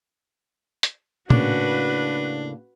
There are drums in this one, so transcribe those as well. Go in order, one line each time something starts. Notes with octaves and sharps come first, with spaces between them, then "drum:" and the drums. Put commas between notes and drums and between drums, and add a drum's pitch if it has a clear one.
drum: hi-hat
A2 C#3 A#3 D4 F#4 B4, drum: tom